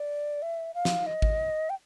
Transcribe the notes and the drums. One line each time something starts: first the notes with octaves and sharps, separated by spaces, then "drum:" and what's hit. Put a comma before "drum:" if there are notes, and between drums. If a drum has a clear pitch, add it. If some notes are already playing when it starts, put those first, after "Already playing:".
Already playing: D5
E5
F5
drum: snare
D#5
drum: kick G#1
G5